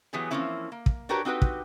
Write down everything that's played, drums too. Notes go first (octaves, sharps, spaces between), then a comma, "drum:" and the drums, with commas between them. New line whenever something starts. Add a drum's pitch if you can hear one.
E3 F#3 B3 G4 G#4
E3 F3 A#3 C4 C#4 E4
A#3
drum: kick
D4 F#4 G4 A#4 B4 C#5
C4 D#4 F#4 G4 B4
drum: kick